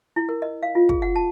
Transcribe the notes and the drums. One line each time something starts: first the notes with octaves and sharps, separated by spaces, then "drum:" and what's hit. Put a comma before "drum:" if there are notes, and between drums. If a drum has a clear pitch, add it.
E4
A#4
D#5
F5
F4
G#4, drum: kick
F#5
A5